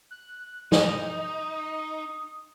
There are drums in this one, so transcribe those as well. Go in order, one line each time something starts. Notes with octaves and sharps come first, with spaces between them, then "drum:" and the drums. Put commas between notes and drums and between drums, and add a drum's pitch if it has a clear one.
F#6
D#4 D#6, drum: snare